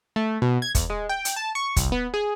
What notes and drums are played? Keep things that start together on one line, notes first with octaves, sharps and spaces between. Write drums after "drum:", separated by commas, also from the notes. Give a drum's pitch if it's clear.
A3
B2
G#6
E2, drum: kick, hi-hat
G#3
G5
drum: hi-hat
A5
C#6
C2, drum: kick, hi-hat
B3
G#4